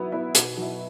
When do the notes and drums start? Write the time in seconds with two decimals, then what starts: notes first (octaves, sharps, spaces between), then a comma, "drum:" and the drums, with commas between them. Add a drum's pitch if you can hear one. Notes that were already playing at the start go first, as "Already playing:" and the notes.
Already playing: F#3 B3 E4
0.12 B3 E4
0.35 B2, drum: hi-hat
0.57 F#3 E4